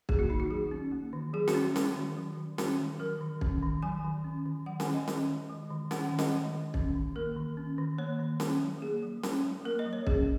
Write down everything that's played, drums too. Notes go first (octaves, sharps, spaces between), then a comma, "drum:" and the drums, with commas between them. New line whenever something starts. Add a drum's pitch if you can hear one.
A#3 G#4, drum: kick
F#4
D#3 D#4
F#4
F#3 G#4
C#4
A#3
D#3
F#3 G#4
F#4, drum: snare C#4
C#4
F#4
C#4, drum: snare C#4
D#3
F#3
D#3
C#4 F#4, drum: snare C#4
D#3
F#3 A#4
D#3
C#4, drum: kick
D#3
F#3 G#5
D#3
C#4
D#3
F#3 F#5
G#5, drum: snare C#4
D#3
D#5
C#4, drum: snare C#4
D#3
G#3
D#3
C#4 F#5, drum: snare C#4
F#5
D#3
D#5, drum: snare C#4
G#3
D#3
C#4, drum: kick
D#3
A#3 A#4
D#3
C#4
D#3
A#3 C#5
D#3
C#4, drum: snare C#4
F#3
A#3 G#4
F#3
C#4, drum: snare C#4
F#3
A#3 A#4
D#5
F#3
C#5
C#4 G#4, drum: kick